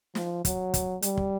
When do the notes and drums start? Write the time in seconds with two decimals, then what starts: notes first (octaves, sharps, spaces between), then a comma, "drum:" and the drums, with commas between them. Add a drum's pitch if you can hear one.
0.15 F3, drum: snare
0.45 F#3, drum: kick, hi-hat
0.74 drum: kick, hi-hat
1.02 G3, drum: hi-hat
1.17 drum: kick